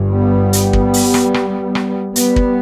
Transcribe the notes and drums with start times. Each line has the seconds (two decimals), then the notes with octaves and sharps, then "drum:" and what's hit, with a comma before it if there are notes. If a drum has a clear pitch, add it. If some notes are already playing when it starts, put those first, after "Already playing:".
Already playing: G1 G2
0.12 G3 B3
0.53 drum: hi-hat
0.73 drum: kick
0.94 drum: open hi-hat
1.14 drum: rim click
1.34 drum: rim click
1.75 drum: rim click
2.16 G3 B3, drum: hi-hat
2.36 drum: kick